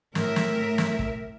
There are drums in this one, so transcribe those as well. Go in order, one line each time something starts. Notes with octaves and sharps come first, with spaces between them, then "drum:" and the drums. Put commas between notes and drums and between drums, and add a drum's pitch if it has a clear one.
A2 A#4 E5, drum: snare
drum: snare
drum: snare
drum: kick